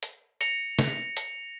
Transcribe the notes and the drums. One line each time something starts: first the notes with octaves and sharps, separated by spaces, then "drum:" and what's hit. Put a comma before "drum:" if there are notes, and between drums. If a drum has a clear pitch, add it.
drum: hi-hat
A#6 C#7 F7, drum: hi-hat
drum: snare
drum: hi-hat